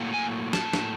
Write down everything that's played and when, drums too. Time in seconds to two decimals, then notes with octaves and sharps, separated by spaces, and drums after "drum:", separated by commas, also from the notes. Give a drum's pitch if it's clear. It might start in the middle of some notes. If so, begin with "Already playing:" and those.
Already playing: A2 F#3 A#3
0.14 G#5
0.53 A5, drum: snare
0.73 drum: snare